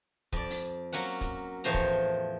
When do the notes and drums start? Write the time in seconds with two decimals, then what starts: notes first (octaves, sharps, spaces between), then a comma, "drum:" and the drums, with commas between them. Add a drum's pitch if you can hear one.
0.33 F2 D5, drum: kick
0.50 drum: open hi-hat
0.92 F#3 A#3 C#4 F#5
1.21 drum: kick, hi-hat
1.64 E2 A2 F3 C5 C#5 A#5
1.74 drum: kick